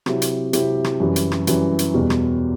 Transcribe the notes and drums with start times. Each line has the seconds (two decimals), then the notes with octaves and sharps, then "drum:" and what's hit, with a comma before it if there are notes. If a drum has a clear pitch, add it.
0.06 C3 F#3 C4 E4 G4, drum: rim click
0.22 drum: hi-hat
0.53 C3 F#3 C4 E4 G4, drum: hi-hat
0.84 drum: rim click
1.00 F#2 E3 G3
1.16 drum: hi-hat
1.32 drum: rim click
1.47 F#2 E3 G3, drum: hi-hat
1.79 drum: hi-hat
1.94 E2 B2 G3
2.10 drum: rim click